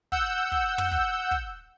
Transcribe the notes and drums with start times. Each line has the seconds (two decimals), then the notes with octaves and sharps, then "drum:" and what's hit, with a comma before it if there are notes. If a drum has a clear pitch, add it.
0.12 F#5 E6 G6, drum: kick
0.52 drum: kick
0.78 drum: tom
0.91 drum: kick
1.31 drum: kick